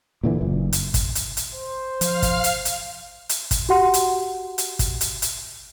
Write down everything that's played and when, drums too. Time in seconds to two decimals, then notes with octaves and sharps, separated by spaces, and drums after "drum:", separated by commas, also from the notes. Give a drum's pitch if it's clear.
0.23 A#2 D3 E3
0.41 F#1
0.73 drum: hi-hat
0.94 drum: kick, hi-hat
1.15 drum: hi-hat
1.37 drum: hi-hat
1.55 C5
2.01 F3 F5 F6, drum: hi-hat
2.22 drum: kick, hi-hat
2.44 drum: hi-hat
2.65 drum: hi-hat
3.29 drum: hi-hat
3.51 drum: kick, hi-hat
3.69 F#4 G4 F#5 C6
3.94 drum: hi-hat
4.58 drum: hi-hat
4.79 drum: kick, hi-hat
5.01 drum: hi-hat
5.22 drum: hi-hat